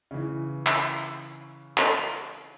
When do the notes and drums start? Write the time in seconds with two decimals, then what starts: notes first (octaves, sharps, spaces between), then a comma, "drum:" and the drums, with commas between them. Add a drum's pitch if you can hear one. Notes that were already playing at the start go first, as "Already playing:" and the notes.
0.11 C#3 E3
0.66 drum: clap
1.78 drum: clap